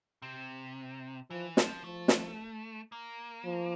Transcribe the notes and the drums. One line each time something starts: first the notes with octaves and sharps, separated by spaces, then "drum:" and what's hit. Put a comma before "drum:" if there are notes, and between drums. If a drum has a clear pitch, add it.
C3
E3 F3
F3, drum: snare
F3 A3
drum: snare
A#3
F3